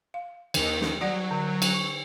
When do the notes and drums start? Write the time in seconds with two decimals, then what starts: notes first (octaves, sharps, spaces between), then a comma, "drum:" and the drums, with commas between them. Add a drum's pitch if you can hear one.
0.14 F5
0.54 D#2 D#3, drum: cymbal
0.81 drum: snare
1.01 F#3 G3 D5 F#5
1.31 D3
1.62 drum: cymbal
1.74 C#6